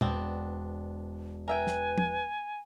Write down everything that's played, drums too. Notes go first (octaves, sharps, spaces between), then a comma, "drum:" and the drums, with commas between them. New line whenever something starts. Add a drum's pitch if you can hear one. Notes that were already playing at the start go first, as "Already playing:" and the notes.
E1 B3 C4 D4, drum: tom A#2
A#4 B4 E5 G5 G#5
drum: snare
drum: tom